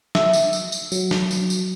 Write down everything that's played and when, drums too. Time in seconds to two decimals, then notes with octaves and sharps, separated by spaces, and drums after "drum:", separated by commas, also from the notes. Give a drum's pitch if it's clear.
0.15 E5, drum: snare
0.33 drum: tambourine
0.53 drum: tambourine
0.72 drum: tambourine
0.92 F#3, drum: tambourine
1.11 drum: snare
1.31 drum: tambourine
1.50 drum: tambourine